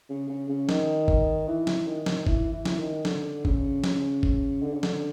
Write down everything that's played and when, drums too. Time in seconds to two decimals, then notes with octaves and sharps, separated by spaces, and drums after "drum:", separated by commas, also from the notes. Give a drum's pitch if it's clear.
0.09 C#3
0.29 C#3
0.49 C#3
0.69 D#3, drum: snare
1.08 drum: kick
1.48 E3
1.67 drum: snare
1.87 D#3
2.06 drum: snare
2.27 E3, drum: kick
2.52 E3
2.65 drum: snare
2.79 D#3
3.05 D3, drum: snare
3.45 C#3, drum: kick
3.84 drum: snare
4.23 drum: kick
4.62 D3
4.73 C#3
4.83 D3, drum: snare